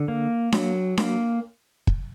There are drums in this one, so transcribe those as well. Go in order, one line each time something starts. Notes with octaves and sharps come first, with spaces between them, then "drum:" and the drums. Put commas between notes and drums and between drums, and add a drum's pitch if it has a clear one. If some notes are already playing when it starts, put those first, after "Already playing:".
Already playing: D3
A#3
F#3, drum: snare D4
A#3, drum: snare D4
drum: kick